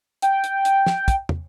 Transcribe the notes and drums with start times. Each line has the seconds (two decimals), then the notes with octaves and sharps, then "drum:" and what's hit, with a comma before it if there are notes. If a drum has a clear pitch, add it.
0.22 G5, drum: hi-hat
0.44 drum: hi-hat
0.65 drum: hi-hat
0.86 drum: snare
1.08 drum: kick, hi-hat
1.29 drum: tom